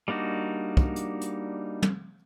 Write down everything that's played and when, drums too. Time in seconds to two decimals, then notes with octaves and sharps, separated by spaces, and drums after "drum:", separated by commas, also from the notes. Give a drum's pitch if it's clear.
0.08 G3 A#3 D4 D#4 F#4
0.77 drum: kick
0.96 drum: hi-hat
1.21 drum: hi-hat
1.82 drum: tom